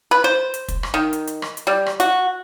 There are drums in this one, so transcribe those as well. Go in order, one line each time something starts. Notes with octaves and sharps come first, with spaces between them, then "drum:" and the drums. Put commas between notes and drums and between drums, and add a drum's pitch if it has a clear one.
B4
C5
drum: hi-hat
drum: kick, hi-hat
drum: rim click
D#3
drum: hi-hat
drum: hi-hat
drum: rim click
drum: hi-hat
G3
drum: rim click
F#4, drum: hi-hat